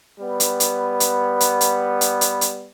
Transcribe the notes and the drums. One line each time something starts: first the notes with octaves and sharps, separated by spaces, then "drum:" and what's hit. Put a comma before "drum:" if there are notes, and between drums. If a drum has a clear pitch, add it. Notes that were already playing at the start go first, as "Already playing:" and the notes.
G3 B3
drum: hi-hat
drum: hi-hat
drum: hi-hat
drum: hi-hat
drum: hi-hat
drum: hi-hat
drum: hi-hat
drum: hi-hat